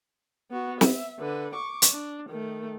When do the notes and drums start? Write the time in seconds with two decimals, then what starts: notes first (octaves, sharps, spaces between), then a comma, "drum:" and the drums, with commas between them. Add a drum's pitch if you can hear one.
0.51 B3 F#4
0.81 E5, drum: snare
1.19 D3 B4
1.54 C#6 D6
1.82 drum: hi-hat
1.91 D4
2.29 D#3 A3